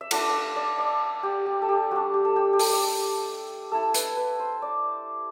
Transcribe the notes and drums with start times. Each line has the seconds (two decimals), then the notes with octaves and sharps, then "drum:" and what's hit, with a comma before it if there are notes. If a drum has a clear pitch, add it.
0.01 E5
0.11 A3 D4 F#5, drum: cymbal
0.29 E5 F#5
0.56 D5
0.78 D5
1.23 G4
1.46 G4
1.62 A4
1.69 G4
1.91 G3 D4 F#4
2.14 G4
2.25 A4
2.36 G4
2.53 G4
2.59 A4, drum: open hi-hat
3.72 A3 E4 A4
3.94 B4, drum: hi-hat
4.17 B4
4.39 C5
4.62 D5